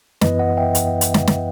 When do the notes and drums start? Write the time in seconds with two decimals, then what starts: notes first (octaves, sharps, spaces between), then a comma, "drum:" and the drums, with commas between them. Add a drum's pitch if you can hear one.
0.21 F#2 E3 B3 E4 B4 D#5, drum: snare
0.39 D#5 F#5
0.57 E5 G5
0.75 drum: hi-hat
1.01 drum: hi-hat
1.14 drum: snare
1.27 drum: snare